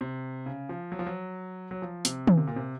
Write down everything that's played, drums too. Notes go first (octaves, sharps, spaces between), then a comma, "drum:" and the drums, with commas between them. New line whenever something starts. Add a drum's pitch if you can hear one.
C3
C#3
F3
F#3
F3
F#3
F#3
F3
C3, drum: hi-hat
C#3, drum: tom
C3
A#2
C3